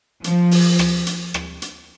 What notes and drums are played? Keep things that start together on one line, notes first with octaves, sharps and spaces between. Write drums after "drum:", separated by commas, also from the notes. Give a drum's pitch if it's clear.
F3, drum: hi-hat
drum: open hi-hat
drum: rim click
drum: hi-hat
drum: rim click
drum: hi-hat